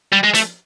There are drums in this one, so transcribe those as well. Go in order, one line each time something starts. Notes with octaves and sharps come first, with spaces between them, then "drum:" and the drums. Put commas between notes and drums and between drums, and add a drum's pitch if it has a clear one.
G3
G#3
A3, drum: hi-hat